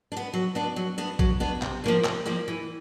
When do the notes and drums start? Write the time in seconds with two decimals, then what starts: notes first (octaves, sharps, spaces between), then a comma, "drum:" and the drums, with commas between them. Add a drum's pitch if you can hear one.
0.12 D4
0.17 B3
0.33 F#3
0.55 B3 D4
0.76 F#3
0.98 B3 D4
1.19 F#3, drum: kick
1.40 B3 D4
1.62 C3, drum: clap
1.84 F3 A#3 D4
2.04 C3, drum: clap
2.26 F3 A#3 D4
2.48 E3